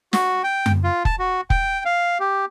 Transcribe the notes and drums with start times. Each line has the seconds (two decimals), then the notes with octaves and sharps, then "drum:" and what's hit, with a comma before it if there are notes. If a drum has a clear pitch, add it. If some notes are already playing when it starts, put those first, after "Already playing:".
0.13 F#4, drum: snare
0.44 G5
0.66 drum: tom F#2
0.84 F4
1.05 A5, drum: kick
1.19 F#4
1.50 G5, drum: kick
1.85 F5
2.20 G4